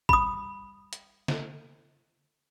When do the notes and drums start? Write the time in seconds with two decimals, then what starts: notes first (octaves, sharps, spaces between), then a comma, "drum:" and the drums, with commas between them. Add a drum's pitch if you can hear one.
0.09 B5 D#6, drum: kick
0.93 drum: hi-hat
1.28 drum: snare